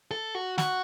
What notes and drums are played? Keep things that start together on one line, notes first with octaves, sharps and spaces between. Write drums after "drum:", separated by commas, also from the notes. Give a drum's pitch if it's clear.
A4
F#4
F#4, drum: snare